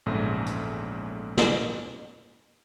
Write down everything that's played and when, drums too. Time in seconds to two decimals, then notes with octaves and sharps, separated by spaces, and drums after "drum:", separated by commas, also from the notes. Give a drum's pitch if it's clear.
0.06 A#1 E2 G#2 C#3 A3
0.46 drum: hi-hat
1.37 drum: snare